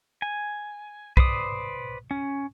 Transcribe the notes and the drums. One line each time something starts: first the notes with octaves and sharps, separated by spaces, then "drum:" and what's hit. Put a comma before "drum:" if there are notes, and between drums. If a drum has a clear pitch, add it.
G#5
B4 C5 D5 D#6, drum: kick B1
C#4